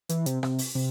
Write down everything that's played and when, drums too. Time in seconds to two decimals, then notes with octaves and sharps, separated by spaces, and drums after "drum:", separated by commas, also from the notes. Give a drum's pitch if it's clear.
0.09 E3, drum: hi-hat
0.26 C3, drum: hi-hat
0.43 C3, drum: rim click
0.58 drum: open hi-hat
0.75 C3